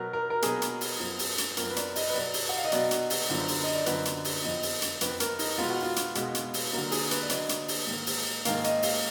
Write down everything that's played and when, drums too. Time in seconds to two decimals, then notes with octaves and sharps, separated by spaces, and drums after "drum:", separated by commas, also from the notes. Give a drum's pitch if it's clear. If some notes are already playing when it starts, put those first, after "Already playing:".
Already playing: B2 F#3 B3 A#4
0.13 A#4
0.30 A#4
0.42 B2 F#3 B3 G#4, drum: hi-hat
0.62 drum: hi-hat
0.81 drum: open hi-hat
1.00 F#2 F3 B3
1.19 drum: open hi-hat
1.38 drum: hi-hat
1.57 F#2 F3 B3 A#4, drum: hi-hat
1.70 B4
1.76 D5, drum: hi-hat
1.96 D#5, drum: open hi-hat
2.09 B4
2.14 B2 F#3 B3 D5
2.34 drum: open hi-hat
2.49 F#5
2.57 F5
2.64 D#5
2.72 B2 F#3 B3 D5, drum: hi-hat
2.91 drum: hi-hat
3.10 drum: open hi-hat
3.29 F#2 D3 F3 B3
3.48 drum: open hi-hat
3.64 D#5
3.75 D5
3.86 F#2 D3 F3 B3 B4, drum: hi-hat
4.05 drum: hi-hat
4.25 drum: open hi-hat
4.44 F2 F3 B3 D#5
4.63 drum: open hi-hat
4.82 drum: hi-hat
5.01 F2 F3 B3 B4, drum: hi-hat
5.20 A#4, drum: hi-hat
5.39 D#4, drum: open hi-hat
5.58 B2 G#3 B3 F4
5.70 F#4
5.83 F4
5.96 drum: hi-hat
6.15 B2 G#3 B3, drum: hi-hat
6.35 drum: hi-hat
6.54 drum: open hi-hat
6.73 D3 F#3 A#3
6.91 G#4, drum: open hi-hat
7.11 B4, drum: hi-hat
7.23 D5
7.29 D3 F#3 A#3 D#5, drum: hi-hat
7.49 drum: hi-hat
7.68 drum: open hi-hat
7.87 G#2 D#3 A#3
8.06 drum: open hi-hat
8.45 G#2 D#3 A#3 F5, drum: hi-hat
8.64 D#5, drum: hi-hat
8.82 F5, drum: open hi-hat